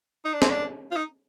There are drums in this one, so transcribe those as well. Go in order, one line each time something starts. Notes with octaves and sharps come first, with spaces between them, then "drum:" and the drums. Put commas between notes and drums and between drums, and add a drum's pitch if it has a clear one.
D#4
D4
C4, drum: snare
D4
F4
D#4